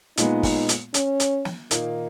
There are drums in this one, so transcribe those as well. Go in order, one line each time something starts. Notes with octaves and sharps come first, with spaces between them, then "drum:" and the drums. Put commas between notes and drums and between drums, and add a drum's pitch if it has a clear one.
A#2 G#3 B3 D#4, drum: hi-hat
drum: kick, open hi-hat
drum: hi-hat
C#4, drum: hi-hat
drum: hi-hat
drum: snare
A#2 D#3 A#3 D#4, drum: hi-hat